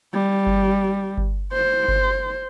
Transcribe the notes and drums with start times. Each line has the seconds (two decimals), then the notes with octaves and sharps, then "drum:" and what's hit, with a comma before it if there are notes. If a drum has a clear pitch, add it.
0.13 G3
0.47 drum: kick G1
1.18 drum: kick G1
1.53 C5
1.88 drum: kick G1